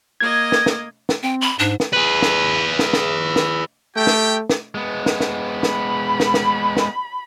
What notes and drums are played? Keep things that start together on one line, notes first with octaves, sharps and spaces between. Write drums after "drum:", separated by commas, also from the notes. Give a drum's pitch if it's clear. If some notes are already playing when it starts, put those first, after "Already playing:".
A#3 D#5 G#6
drum: snare
drum: snare
drum: snare
C4 G5
B5
G#2 D4
drum: snare
G#4 B4
drum: snare
drum: snare
drum: snare
drum: snare
A3 G4 G5
drum: snare
drum: snare
G#3 B3
drum: snare
drum: snare
B5
drum: snare
drum: snare
drum: snare
drum: snare